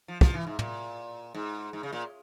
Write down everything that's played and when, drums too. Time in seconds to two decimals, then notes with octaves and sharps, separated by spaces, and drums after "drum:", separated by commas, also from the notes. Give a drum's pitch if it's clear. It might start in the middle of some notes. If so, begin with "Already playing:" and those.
0.08 F3
0.21 F3, drum: kick
0.34 E3
0.47 G#2
0.59 A#2, drum: tom
1.34 G#2
1.73 G#2
1.83 C#3
1.93 A#2